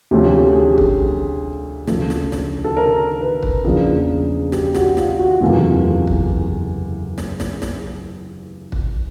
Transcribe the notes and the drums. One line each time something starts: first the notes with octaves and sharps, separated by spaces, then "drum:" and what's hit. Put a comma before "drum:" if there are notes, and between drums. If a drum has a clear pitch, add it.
D2 C3 F3 A3 C#4 G4
G4
G#4
drum: kick
D2 C#3 F3 A3 A4, drum: snare
drum: snare
drum: snare
A4
A#4
B4
drum: kick
E2 C#3 F3 A#3 D4 G#4
G4, drum: snare
F#4, drum: snare
F4, drum: snare
F#4
F#1 E2 C3 E3 A3 F4
drum: kick
drum: snare
drum: snare
drum: snare
drum: kick